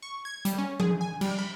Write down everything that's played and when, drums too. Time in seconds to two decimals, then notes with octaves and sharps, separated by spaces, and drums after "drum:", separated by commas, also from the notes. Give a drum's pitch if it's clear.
0.02 C#6
0.25 G#6
0.45 G3, drum: hi-hat
0.58 C#4
0.80 G#4, drum: tom F3
1.01 G#5
1.21 G3, drum: cymbal
1.39 B5